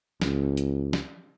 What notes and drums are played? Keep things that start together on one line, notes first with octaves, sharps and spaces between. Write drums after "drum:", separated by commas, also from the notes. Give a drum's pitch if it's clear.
C#2, drum: snare
drum: hi-hat
drum: snare